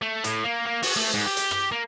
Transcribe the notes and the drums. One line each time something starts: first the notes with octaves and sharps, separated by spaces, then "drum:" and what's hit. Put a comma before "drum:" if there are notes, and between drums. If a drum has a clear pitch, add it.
A3
A2, drum: hi-hat
A#3
A#3
F#4, drum: open hi-hat
A3
G#2
G4
drum: hi-hat
drum: rim click
A#3